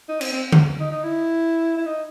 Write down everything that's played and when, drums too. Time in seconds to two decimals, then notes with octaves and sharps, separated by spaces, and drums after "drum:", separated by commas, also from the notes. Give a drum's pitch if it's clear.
0.09 D#4
0.21 C4, drum: cymbal
0.32 C4
0.52 drum: tom D3
0.80 D#4
0.91 D#4
1.03 E4
1.77 E4
1.86 D#4